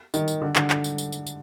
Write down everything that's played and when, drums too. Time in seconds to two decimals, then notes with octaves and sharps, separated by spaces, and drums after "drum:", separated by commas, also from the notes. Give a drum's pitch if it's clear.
0.14 D#3, drum: tambourine
0.28 drum: tambourine
0.42 D3
0.56 D3, drum: clap
0.70 D3, drum: clap
0.84 drum: tambourine
0.98 drum: tambourine
1.12 drum: tambourine
1.27 drum: tambourine